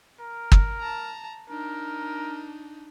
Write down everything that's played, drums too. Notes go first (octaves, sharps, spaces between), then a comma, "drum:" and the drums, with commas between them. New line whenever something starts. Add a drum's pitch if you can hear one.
A#4
drum: kick
A5 A#5
D4 D#4 A#4